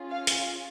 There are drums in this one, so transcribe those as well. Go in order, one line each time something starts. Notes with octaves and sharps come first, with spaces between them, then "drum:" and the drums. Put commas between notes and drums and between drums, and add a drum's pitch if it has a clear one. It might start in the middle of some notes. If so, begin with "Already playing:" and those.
Already playing: C#4 F4 G#4
F5
drum: hi-hat